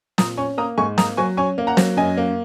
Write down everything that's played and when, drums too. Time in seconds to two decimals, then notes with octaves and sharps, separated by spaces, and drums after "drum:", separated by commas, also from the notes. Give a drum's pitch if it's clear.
0.18 A#2 A#5 D#6, drum: snare
0.37 C#4 G#5 C#6
0.58 A#3 A#5 D#6
0.78 G#2 G#5 C#6
0.98 A#3 A#5 D#6, drum: snare
1.17 F#3 G#5 C#6
1.37 C#4 G#5 C#6
1.58 A#3
1.67 F#5 A#5
1.77 F#3, drum: snare
1.97 F#2 D#5 G#5
2.17 A#3